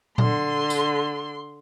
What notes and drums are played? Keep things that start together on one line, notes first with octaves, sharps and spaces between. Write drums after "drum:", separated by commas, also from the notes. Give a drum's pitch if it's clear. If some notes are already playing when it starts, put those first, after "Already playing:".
D3 C6, drum: tom A#2
drum: tambourine